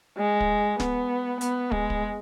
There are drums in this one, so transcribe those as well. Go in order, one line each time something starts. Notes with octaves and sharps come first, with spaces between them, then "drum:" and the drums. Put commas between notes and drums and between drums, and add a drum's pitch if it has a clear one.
G#3
drum: kick
B3, drum: snare
B3, drum: hi-hat
G#3, drum: kick
drum: kick